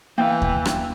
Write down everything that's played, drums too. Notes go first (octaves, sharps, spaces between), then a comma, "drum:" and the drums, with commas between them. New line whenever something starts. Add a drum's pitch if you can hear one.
E3 A#3 F5 G5
drum: kick D#2
drum: rim click